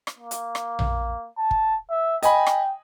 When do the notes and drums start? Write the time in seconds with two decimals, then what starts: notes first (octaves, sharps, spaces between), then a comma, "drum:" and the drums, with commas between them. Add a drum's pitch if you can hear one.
0.07 drum: rim click
0.19 A#3
0.31 drum: hi-hat
0.55 drum: rim click
0.79 drum: tom A#1
1.38 A5
1.51 drum: kick
1.90 E5
2.23 D#5 G5 G#5 B5, drum: hi-hat
2.47 drum: rim click